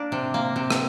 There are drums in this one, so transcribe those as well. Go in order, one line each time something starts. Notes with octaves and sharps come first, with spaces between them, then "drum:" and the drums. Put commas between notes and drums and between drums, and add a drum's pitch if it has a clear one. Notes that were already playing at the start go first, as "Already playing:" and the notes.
Already playing: A#3 D4
C3
A#3
C3
drum: rim click